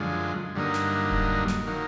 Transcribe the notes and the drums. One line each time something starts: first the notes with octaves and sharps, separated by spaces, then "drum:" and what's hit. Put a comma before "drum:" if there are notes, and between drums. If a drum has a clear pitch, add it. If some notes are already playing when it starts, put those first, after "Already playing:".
Already playing: F#2 D3 F3 G#3
G2 D3 F#3 A#3 D#4
drum: snare
drum: kick D#1
drum: snare
D#3 F#3 A#3